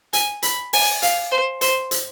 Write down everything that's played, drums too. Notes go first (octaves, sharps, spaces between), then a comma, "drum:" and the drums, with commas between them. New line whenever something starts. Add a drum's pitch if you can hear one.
G#5, drum: hi-hat
B5, drum: hi-hat
G#5, drum: open hi-hat
F5, drum: hi-hat
C5
C5, drum: hi-hat
drum: hi-hat